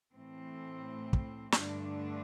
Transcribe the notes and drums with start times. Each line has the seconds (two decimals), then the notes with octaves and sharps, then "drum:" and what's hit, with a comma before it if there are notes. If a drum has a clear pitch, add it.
0.14 A2 E3 A3 C4
1.13 drum: kick
1.52 G2 D3 A3 D4, drum: snare